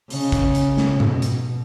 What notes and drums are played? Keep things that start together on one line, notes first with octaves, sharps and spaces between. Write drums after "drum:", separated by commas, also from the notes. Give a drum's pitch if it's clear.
C#3, drum: open hi-hat
drum: kick, hi-hat
drum: hi-hat
drum: snare
B2, drum: tom G#2
drum: hi-hat